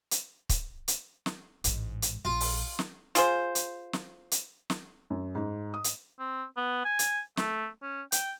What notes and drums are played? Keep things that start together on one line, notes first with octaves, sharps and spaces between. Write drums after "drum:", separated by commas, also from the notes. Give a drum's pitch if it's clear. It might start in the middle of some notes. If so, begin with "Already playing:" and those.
drum: hi-hat
drum: kick C#1, hi-hat
drum: hi-hat
drum: snare
A1 G#2, drum: hi-hat
drum: hi-hat
A#1 F4
drum: open hi-hat
drum: snare
F4 G#4 C5, drum: hi-hat
drum: hi-hat
drum: snare
drum: hi-hat
drum: snare
F#2
G#2
D#6
drum: hi-hat
C4
B3
G#5
drum: hi-hat
A3, drum: snare
C#4
G5, drum: hi-hat